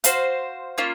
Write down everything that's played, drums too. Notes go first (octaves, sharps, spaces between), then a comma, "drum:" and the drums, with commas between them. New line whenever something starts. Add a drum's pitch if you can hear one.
F#4 C5 F5, drum: hi-hat
A#3 C#4 F4